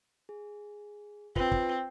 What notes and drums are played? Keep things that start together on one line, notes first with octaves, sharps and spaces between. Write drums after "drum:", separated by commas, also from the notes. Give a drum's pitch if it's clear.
G#4
C4 F4 B4, drum: kick
drum: kick